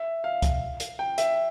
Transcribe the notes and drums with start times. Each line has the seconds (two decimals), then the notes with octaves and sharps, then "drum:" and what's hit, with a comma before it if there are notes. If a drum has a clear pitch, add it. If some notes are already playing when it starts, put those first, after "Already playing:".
Already playing: E5
0.24 F5
0.42 drum: kick C2, hi-hat
0.80 drum: hi-hat
0.99 G5
1.18 E5, drum: hi-hat